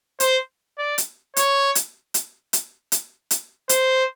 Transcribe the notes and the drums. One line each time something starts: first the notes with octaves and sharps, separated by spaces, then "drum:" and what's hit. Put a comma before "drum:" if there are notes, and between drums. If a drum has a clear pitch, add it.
C5, drum: hi-hat
D5
drum: hi-hat
C#5, drum: hi-hat
drum: hi-hat
drum: hi-hat
drum: hi-hat
drum: hi-hat
drum: hi-hat
C5, drum: hi-hat